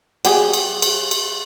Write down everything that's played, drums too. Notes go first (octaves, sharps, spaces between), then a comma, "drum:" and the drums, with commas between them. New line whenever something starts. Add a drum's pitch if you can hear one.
F#3 G4 G#4, drum: cymbal
drum: cymbal
drum: cymbal
drum: cymbal